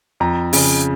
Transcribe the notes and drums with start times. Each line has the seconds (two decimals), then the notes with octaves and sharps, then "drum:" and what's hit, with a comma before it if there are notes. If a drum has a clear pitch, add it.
0.20 F2 A#5
0.53 C#3, drum: open hi-hat